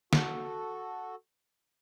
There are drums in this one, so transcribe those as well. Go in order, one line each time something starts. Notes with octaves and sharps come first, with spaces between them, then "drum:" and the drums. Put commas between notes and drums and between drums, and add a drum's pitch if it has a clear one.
F#4 A4, drum: snare